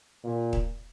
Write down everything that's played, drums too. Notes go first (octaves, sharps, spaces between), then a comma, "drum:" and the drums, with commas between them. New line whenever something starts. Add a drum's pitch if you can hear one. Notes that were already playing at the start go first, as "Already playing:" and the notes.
A#2
drum: kick D#1